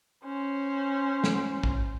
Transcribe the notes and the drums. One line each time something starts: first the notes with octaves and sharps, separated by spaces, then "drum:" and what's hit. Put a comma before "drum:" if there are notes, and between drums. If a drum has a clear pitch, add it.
C#4 C5
drum: snare
drum: kick A1